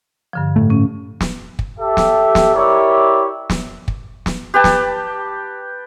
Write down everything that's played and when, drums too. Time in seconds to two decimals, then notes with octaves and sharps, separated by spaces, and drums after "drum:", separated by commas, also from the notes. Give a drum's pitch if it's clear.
0.33 G2 D3 F3
0.56 A2 A3
0.70 C#4
1.21 drum: snare
1.59 drum: kick
1.79 G4 A4 E5
1.97 drum: snare
2.35 drum: snare
2.54 E4 G4 A#4 C#5 D5 E5
3.50 drum: snare
3.88 drum: kick
4.26 drum: snare
4.54 G4 B4 G5 A5
4.64 drum: snare